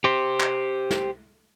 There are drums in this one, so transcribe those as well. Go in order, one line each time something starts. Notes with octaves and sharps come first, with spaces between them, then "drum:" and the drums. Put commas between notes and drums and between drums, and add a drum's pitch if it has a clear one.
G4 C5
drum: clap
drum: snare